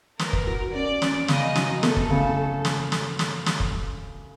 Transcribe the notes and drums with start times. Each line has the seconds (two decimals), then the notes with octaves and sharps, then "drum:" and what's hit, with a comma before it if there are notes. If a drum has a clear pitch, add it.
0.19 A#4 B4, drum: snare
0.33 drum: kick
0.47 F#4
0.74 C#4 D5
1.02 C#4, drum: snare
1.28 C#3 D#5, drum: snare
1.55 F#3, drum: snare
1.83 A3 A4, drum: snare
1.96 drum: kick
2.10 C#3
2.65 drum: snare
2.92 drum: snare
3.19 drum: snare
3.46 drum: snare
3.60 drum: kick